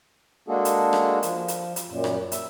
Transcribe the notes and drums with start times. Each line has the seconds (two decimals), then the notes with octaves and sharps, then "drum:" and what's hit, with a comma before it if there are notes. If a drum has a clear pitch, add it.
0.48 G#3 A#3 D4 F#4 G#4 A4
0.65 drum: hi-hat
0.93 drum: rim click
1.23 F3, drum: hi-hat
1.48 drum: hi-hat
1.76 drum: hi-hat
1.89 F#2 A#2
2.04 drum: rim click
2.32 E5, drum: hi-hat